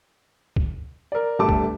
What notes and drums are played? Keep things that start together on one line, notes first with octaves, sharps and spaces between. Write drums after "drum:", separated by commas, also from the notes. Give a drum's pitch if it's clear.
drum: kick
A#4 D5
G1 G3 A3 A5 D6
drum: kick